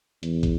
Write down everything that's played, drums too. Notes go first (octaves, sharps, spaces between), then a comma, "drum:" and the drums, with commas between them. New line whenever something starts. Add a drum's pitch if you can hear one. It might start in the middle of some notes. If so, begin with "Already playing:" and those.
E2, drum: hi-hat
drum: kick, hi-hat